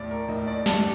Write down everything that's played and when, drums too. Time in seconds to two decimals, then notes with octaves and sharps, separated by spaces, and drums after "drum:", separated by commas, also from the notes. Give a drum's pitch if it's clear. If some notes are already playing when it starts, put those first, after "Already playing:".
Already playing: D#2 A2 D5
0.11 A#4
0.28 A2 D#5
0.47 D5
0.66 G2 A5, drum: snare